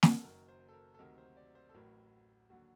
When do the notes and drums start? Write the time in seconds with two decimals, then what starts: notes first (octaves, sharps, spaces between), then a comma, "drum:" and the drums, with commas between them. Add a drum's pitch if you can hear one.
0.03 drum: snare
0.19 A4
0.23 F#1 F#2 D#3 F#3 A#4
0.48 C5
0.68 A4
0.73 A#4
0.94 A4
0.99 D2 C3 D#3 F#3 A#4
1.18 C5
1.37 D5
1.55 C5
1.69 A4
1.74 A1 A2 F#3 A#4
2.50 D#2 D3 F#3 F#4